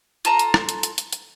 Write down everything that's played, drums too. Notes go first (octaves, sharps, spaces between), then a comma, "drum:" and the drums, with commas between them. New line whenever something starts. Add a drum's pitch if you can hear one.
F4 A4 A5 A#5, drum: hi-hat
drum: hi-hat
drum: rim click
drum: hi-hat
drum: hi-hat
drum: hi-hat
drum: hi-hat